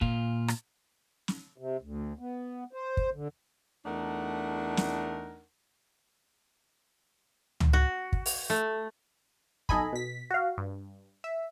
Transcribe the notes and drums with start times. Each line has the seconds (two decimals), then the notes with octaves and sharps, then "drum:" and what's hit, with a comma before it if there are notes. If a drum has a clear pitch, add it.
0.01 A#2 F4, drum: kick
0.48 drum: rim click
1.28 drum: snare
1.58 C3
1.82 D2
2.19 B3
2.73 C5
2.97 drum: kick
3.13 D3
3.86 E2 A3 D4 D#4 A#4 F#5
4.77 drum: snare
7.60 drum: tom C#2
7.73 F#4
8.13 drum: kick
8.26 drum: open hi-hat
8.50 A3
9.69 B1 D#4 A4 D#5 G#5 B5, drum: kick
9.93 B2 B6
10.30 F#4 F5
10.58 G2
11.24 E5